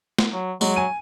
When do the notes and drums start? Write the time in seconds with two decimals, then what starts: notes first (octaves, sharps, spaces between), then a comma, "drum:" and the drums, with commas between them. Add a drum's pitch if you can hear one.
0.19 drum: snare
0.33 F#3
0.61 F#3 G#3, drum: tambourine
0.76 G#5 D#7